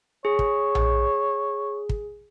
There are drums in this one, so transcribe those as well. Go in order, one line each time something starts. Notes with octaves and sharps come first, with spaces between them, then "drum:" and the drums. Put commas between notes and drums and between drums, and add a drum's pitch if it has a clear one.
G#4 C#5
drum: kick
drum: tom A#1
drum: kick